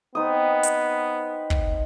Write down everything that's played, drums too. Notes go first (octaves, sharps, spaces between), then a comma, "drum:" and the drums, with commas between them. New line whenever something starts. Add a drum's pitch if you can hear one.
B3 C4 D#4 D#6
drum: hi-hat
drum: kick